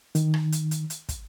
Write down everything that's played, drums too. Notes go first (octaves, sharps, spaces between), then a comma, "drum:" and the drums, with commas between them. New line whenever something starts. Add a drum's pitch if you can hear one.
D#3, drum: hi-hat
drum: rim click
drum: hi-hat
drum: hi-hat
drum: hi-hat
drum: kick, hi-hat